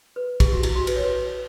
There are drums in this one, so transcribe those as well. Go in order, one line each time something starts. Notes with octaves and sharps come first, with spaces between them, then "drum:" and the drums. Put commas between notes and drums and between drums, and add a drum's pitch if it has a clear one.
B4
G4, drum: kick, cymbal
F#4
E4, drum: cymbal
F#4
B4, drum: cymbal
C#5
B4